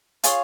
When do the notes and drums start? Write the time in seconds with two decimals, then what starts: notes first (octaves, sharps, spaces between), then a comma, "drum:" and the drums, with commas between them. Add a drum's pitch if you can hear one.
0.24 F4 G#4 C#5 F5, drum: hi-hat